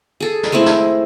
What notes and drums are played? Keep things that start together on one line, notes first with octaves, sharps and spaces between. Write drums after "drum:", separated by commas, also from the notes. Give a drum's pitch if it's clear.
G#4 A4
drum: snare
G#3 A3 C4 E4
drum: snare